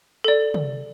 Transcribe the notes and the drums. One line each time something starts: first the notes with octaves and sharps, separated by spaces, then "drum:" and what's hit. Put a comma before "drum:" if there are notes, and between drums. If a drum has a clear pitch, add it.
A4 D5
drum: tom